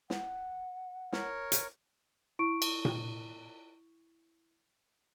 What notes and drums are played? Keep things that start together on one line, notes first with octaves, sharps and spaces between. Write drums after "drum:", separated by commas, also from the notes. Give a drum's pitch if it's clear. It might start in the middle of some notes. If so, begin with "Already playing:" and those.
F#5, drum: snare
A#4 C#5, drum: snare
drum: hi-hat
E4 C#6 D7
drum: cymbal
drum: tom A#2